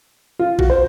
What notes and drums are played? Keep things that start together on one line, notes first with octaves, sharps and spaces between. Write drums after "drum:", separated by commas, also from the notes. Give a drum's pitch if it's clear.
F4
F#4, drum: kick A1
C5